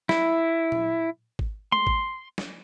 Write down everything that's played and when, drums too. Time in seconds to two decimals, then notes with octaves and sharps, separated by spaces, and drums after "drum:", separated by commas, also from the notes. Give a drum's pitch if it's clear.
0.09 E4, drum: snare
0.72 drum: tom A#2
1.39 drum: kick G#1
1.72 C6, drum: tom G#3
1.87 drum: kick G#1
2.38 drum: snare